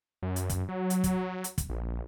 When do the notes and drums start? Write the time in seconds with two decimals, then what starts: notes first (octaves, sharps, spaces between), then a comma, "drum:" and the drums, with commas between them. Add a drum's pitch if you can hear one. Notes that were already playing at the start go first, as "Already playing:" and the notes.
0.23 F#2
0.36 drum: hi-hat
0.50 drum: kick, hi-hat
0.69 F#3
0.90 drum: hi-hat
1.04 drum: kick, hi-hat
1.44 drum: hi-hat
1.58 drum: kick, hi-hat
1.70 A#1